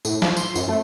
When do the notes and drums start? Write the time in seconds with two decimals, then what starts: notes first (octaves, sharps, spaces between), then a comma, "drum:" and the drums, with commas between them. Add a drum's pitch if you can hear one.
0.05 A2, drum: tambourine
0.22 F3, drum: snare
0.37 C6, drum: tambourine
0.55 F#2, drum: tambourine
0.69 A3